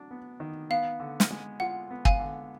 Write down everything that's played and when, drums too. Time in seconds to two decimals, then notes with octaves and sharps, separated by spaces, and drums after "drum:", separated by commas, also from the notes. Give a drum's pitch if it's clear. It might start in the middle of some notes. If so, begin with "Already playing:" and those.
Already playing: F#3 D4
0.11 B3
0.40 D#3
0.70 B3 F5
1.00 D3
1.20 drum: snare
1.31 G#3
1.60 F4 F#5
1.91 B3
2.05 F5 G#5, drum: kick
2.20 D3